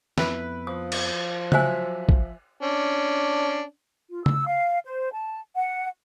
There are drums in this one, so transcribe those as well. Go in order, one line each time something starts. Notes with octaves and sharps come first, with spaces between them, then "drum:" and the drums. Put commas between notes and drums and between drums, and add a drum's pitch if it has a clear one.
F2 B3 E4 B4, drum: snare
F3 D#6
drum: cymbal
F#3 C5 E5 G#5 F#6, drum: tom C#3
drum: kick
C#4 D4
F4
E6, drum: tom C#3
F5
C5
A5
F#5